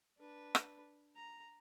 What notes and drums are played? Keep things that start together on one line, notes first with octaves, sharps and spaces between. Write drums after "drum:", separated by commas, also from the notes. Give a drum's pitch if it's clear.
D4 B4
drum: rim click
A#5